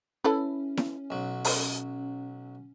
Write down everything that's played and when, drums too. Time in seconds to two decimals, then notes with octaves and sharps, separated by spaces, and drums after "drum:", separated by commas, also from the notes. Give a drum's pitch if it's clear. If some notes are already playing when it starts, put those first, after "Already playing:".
0.24 C#4 E4 A4 B4
0.77 drum: snare E4
1.10 B1 F#3
1.45 drum: open hi-hat